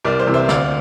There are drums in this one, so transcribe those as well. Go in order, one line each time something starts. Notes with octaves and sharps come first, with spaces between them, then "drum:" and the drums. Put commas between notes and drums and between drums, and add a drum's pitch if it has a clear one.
C2 A#4 D5
C5
C3 E3
C5 E5
D2 D5 F5, drum: snare